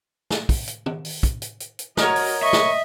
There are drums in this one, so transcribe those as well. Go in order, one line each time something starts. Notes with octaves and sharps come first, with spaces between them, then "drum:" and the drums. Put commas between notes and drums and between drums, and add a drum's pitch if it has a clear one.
drum: snare
drum: kick, open hi-hat
drum: hi-hat
drum: tom D#3
drum: open hi-hat
drum: kick, hi-hat
drum: hi-hat
drum: hi-hat
drum: hi-hat
F#4 A#4 C#5 D#5, drum: snare
drum: open hi-hat
D#5 E5 C#6
drum: snare